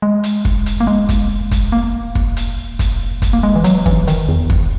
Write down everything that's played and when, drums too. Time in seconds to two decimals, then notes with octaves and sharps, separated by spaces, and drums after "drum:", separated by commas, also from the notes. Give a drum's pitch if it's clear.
0.02 G#3
0.24 drum: hi-hat
0.45 drum: kick
0.66 drum: hi-hat
0.80 A#3
0.87 G#3
1.09 drum: kick, hi-hat
1.51 drum: kick, hi-hat
1.72 A#3
2.15 drum: kick
2.37 drum: hi-hat
2.79 drum: kick, hi-hat
3.22 drum: kick, hi-hat
3.33 A#3
3.43 G#3
3.56 E3
3.64 F#3, drum: hi-hat
3.86 E3, drum: kick
4.07 D#3, drum: hi-hat
4.28 E2
4.50 drum: kick